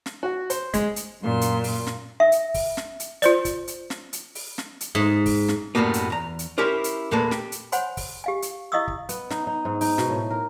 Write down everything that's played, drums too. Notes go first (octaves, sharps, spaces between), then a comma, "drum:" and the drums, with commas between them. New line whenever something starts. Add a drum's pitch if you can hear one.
drum: snare
F#4
C5, drum: hi-hat
G#3, drum: kick, hi-hat
drum: hi-hat
F#2 A#2 C6
drum: hi-hat
drum: open hi-hat
drum: snare
E5
drum: hi-hat
drum: kick, open hi-hat
drum: snare
drum: hi-hat
F4 C5 D5, drum: hi-hat
drum: kick, hi-hat
drum: hi-hat
drum: snare
drum: hi-hat
drum: open hi-hat
drum: snare
drum: hi-hat
G#2
drum: kick, open hi-hat
drum: snare
B1 F#2 A2 G3 A#3 B3
drum: hi-hat
E2 A#5
drum: hi-hat
C#4 E4 G4 A#4 C5
drum: hi-hat
E2 A#2 G#3 A#3 A4 B4
G4, drum: snare
drum: hi-hat
C5 C#5 F#5 G#5 B5 C6, drum: hi-hat
drum: kick, open hi-hat
G4 F5 G#5
drum: hi-hat
E4 D#5 F5 C#6 D#6 E6
drum: kick
B3, drum: hi-hat
D#4, drum: snare
D#4
G#2
D#4, drum: open hi-hat
B2, drum: snare
A2
A#4